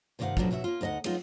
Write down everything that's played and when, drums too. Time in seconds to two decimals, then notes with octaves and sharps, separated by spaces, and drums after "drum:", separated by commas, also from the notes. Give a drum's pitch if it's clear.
0.19 G2 C3 D#3 C#5 F5 F#5
0.37 F2 B2 E3 F#3 D4 F4, drum: kick
0.51 B2 F#3 F#4 E5
0.64 A#3 F4
0.81 D2 D#4 D5 D#5 F#5
1.04 F#3 G#3 B3 D#4 F4, drum: cymbal